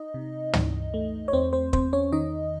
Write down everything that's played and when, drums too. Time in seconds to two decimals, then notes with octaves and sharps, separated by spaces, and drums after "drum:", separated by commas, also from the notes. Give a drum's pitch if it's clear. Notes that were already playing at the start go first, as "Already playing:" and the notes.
Already playing: D#4 D#5
0.14 C3
0.53 E3, drum: tom
0.94 A3
1.28 C#5
1.33 E2 C4 C5
1.53 C4 C5
1.73 E2 C4 C5, drum: kick
1.93 C#4 C#5
2.12 D#3 D#4 D#5